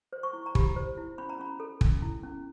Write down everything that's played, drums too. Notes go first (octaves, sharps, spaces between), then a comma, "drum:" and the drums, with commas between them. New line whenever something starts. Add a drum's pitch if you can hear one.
C5
C#6
E4
A#5
G4 B5, drum: kick
C5
E4
C#4 B5
A#5
C#4 B5
A4
C#4, drum: kick
E4
C#4